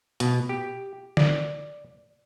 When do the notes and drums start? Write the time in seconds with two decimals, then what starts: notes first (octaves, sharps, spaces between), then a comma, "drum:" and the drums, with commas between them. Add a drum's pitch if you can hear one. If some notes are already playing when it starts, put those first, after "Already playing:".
0.20 B2, drum: hi-hat
0.49 G4
1.17 D5, drum: snare